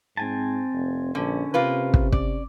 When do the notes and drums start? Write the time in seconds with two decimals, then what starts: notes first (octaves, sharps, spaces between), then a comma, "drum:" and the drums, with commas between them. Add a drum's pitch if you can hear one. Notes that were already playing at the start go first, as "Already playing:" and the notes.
0.17 G#2 C4 G#5 A5
0.73 F1
1.15 A#1 D3 C#4
1.54 C3 A#3 F4 B4
1.94 drum: kick
2.12 D5, drum: kick